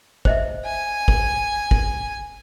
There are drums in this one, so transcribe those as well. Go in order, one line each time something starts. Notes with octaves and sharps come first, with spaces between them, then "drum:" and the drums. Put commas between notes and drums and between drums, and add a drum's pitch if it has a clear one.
C5 D#5 E5, drum: kick
G#5
drum: kick
drum: kick